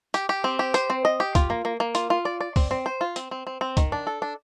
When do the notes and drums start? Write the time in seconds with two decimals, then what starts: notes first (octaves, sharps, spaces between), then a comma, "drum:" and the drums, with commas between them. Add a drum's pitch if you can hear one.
0.14 G4, drum: hi-hat
0.29 G4
0.44 C4
0.59 G4
0.74 C5, drum: hi-hat
0.90 C4
1.05 D#5
1.20 G4
1.35 F4, drum: kick, hi-hat
1.50 A#3
1.65 A#3
1.80 A#3
1.95 F4, drum: hi-hat
2.10 F4
2.25 D5
2.41 D5
2.56 C4, drum: kick, open hi-hat
2.71 C4
2.86 C5
3.01 F4
3.16 C4, drum: hi-hat
3.31 C4
3.47 C4
3.61 C4
3.77 D#3, drum: kick, hi-hat
3.92 D4
4.07 A4
4.22 D4